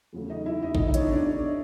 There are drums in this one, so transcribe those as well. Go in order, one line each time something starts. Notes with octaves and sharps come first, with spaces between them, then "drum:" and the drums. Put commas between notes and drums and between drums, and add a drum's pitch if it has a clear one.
E2 C#3 F#3 A3
D#4 D#5
E4 E5
D#4 D#5
D#4 D#5, drum: kick G#1
D#4 D#5
C#5, drum: hi-hat
D4 D5
D4 D5